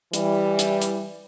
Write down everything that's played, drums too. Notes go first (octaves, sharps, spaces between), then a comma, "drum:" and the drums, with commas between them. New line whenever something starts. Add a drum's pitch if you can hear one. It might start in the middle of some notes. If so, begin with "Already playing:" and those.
E3 G3, drum: hi-hat
drum: hi-hat
drum: hi-hat